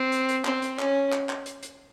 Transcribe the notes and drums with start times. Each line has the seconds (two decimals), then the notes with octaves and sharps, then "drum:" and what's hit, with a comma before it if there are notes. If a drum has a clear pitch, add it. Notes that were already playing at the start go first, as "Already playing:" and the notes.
Already playing: C4
0.12 drum: hi-hat
0.29 drum: hi-hat
0.45 C4, drum: clap
0.62 drum: hi-hat
0.79 C#4, drum: clap
1.12 drum: clap
1.29 drum: clap
1.46 drum: hi-hat
1.63 drum: hi-hat